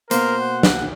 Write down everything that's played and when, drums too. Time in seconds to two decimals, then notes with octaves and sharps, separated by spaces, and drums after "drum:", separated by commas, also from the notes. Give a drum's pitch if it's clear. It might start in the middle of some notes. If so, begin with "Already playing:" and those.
0.11 B2 A#3 A#4 C5, drum: hi-hat
0.41 F#5
0.63 drum: snare